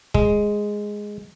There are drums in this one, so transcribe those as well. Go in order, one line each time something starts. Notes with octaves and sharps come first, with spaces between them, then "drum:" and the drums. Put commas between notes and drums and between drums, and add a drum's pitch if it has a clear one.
G#3, drum: kick